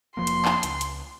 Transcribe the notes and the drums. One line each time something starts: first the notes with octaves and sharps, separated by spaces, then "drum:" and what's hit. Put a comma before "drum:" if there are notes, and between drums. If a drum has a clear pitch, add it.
F1 F3 A#3 C6
drum: hi-hat
drum: clap
C#2, drum: hi-hat
drum: hi-hat